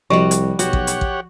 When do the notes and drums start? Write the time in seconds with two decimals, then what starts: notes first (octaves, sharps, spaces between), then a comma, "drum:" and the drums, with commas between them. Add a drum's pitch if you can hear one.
0.10 C2 F3 G3 F#4 D#5
0.31 drum: hi-hat
0.59 B1 F#4 G4 C#5 F#5, drum: hi-hat
0.73 drum: kick A1
0.87 drum: hi-hat
1.01 drum: kick A1